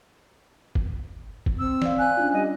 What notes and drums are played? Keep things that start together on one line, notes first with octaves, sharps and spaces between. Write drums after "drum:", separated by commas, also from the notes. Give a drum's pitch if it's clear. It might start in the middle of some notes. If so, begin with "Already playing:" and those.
drum: kick
drum: kick
C4 E6
D5 F5, drum: snare
G#5 F#6
C#4 D4 F4
G3 D#5